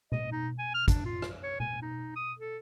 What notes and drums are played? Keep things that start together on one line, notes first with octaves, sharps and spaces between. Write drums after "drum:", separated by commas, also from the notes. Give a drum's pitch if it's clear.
D#5, drum: tom B2
D#4
G#5
F6
D4, drum: kick, hi-hat
F4
drum: rim click
C#5
G#5, drum: tom B2
D#4
D#6
A4